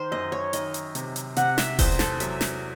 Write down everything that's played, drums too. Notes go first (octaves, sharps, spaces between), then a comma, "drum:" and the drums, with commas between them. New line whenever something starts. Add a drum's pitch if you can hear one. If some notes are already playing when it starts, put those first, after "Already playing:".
Already playing: D#3 C5
F#2 D#5
C#5
D#3 D#5, drum: hi-hat
drum: hi-hat
C3, drum: hi-hat
drum: hi-hat
C3 F#5, drum: hi-hat
E5, drum: snare
E2 C5, drum: kick E1, open hi-hat
A4, drum: snare
F#3 E5, drum: hi-hat
drum: snare